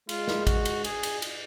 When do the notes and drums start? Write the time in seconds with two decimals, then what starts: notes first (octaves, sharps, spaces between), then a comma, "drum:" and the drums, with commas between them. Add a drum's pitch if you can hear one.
0.09 G#3 F4, drum: cymbal
0.28 drum: snare
0.47 F#4, drum: kick, cymbal
0.65 drum: cymbal
0.84 G#4, drum: cymbal
1.03 drum: cymbal
1.22 drum: cymbal